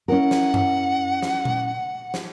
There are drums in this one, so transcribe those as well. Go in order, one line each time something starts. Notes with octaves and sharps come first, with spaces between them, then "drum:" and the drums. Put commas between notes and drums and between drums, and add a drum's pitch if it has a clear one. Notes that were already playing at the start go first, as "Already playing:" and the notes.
C#4 E4 A#4 F#5
drum: snare
drum: tom F#2
drum: snare
drum: tom A#2
drum: snare